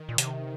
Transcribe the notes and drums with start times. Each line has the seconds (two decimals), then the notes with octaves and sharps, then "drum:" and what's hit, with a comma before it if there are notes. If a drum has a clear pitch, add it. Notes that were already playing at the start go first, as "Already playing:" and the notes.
Already playing: D#3
0.09 A#2
0.18 C3, drum: hi-hat